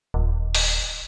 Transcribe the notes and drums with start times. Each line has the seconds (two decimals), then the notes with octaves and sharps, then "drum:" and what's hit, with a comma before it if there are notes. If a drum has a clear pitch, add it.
0.14 D#1
0.55 drum: open hi-hat